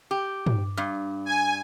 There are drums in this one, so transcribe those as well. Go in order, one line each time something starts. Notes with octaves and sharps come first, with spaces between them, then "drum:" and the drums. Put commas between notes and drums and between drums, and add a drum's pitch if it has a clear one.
G4
drum: tom
G2
G#5